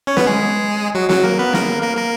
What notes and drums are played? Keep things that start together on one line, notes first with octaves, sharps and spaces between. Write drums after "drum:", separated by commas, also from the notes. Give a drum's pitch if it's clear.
C#4 C#5
B3 B4, drum: snare
G#3 G#4
F#3 F#4
F#3 F#4, drum: snare
A#3 A#4
B3 B4
A#3 A#4, drum: snare
A#3 A#4
A#3 A#4